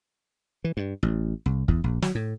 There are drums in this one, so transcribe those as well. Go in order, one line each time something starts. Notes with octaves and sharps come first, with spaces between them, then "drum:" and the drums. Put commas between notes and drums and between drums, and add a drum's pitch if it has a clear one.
E3
G2
A1
C2
E2, drum: kick
A#1
F#3, drum: snare
A2